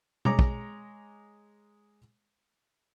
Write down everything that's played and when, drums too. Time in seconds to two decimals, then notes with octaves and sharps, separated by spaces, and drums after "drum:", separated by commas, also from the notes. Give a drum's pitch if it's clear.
0.25 G#3 C#5 A#5 D6, drum: tom B2
0.39 drum: kick